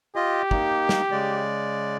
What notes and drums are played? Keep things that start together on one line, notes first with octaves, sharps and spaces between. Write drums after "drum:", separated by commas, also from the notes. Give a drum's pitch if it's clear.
F4 G4 D#5
A#3 D#4, drum: kick
drum: snare
C#3 G#3 D5